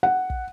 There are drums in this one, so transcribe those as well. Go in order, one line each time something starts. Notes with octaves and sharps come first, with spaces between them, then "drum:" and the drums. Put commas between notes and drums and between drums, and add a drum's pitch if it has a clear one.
F#5
drum: kick